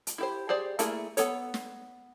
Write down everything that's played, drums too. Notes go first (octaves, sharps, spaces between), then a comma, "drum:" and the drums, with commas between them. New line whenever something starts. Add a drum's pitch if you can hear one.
drum: hi-hat
E4 G4 C5
G4 G#4 C5 D5
A3 A#3 E4 G#4 A#4, drum: hi-hat
B3 A4 C#5, drum: hi-hat
drum: snare